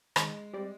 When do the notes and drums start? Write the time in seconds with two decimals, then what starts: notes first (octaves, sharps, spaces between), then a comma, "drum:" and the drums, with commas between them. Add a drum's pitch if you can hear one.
0.16 D#3 G#3, drum: rim click
0.53 G3 C4 G4 D5